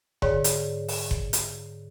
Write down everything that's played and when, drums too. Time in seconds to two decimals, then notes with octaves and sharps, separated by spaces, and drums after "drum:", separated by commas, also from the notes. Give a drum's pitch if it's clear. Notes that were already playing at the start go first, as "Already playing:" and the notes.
0.22 G#2 D3 C#5, drum: kick F#1
0.44 drum: hi-hat
0.89 drum: open hi-hat
1.11 drum: kick F#1
1.33 drum: hi-hat